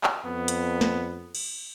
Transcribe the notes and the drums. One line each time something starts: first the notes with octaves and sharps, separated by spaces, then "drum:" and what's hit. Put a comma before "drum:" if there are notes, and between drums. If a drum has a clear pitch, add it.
drum: clap
F2 B3
drum: hi-hat
drum: snare
drum: cymbal